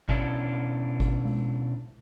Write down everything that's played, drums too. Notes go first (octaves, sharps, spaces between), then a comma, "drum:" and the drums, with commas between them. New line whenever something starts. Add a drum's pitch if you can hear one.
B2 C#4 D4 E4, drum: kick
drum: kick
drum: tom G#3